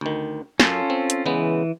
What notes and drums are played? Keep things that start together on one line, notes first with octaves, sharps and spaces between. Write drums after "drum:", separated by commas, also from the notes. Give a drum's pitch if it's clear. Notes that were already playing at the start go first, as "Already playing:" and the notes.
D2 D#3
F#2 C#4 F4 A4, drum: snare
C4
drum: hi-hat
C#3 E3 G#3 B3